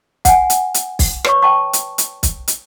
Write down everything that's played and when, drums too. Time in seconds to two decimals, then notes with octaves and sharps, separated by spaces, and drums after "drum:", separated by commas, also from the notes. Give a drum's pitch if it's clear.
0.25 F#5 G#5, drum: kick, hi-hat
0.50 drum: hi-hat
0.74 drum: hi-hat
0.99 drum: kick, open hi-hat
1.24 B4 C#5 C#6, drum: rim click
1.42 G5 A5 C#6
1.73 drum: hi-hat
1.98 drum: hi-hat
2.23 drum: kick, hi-hat
2.48 drum: hi-hat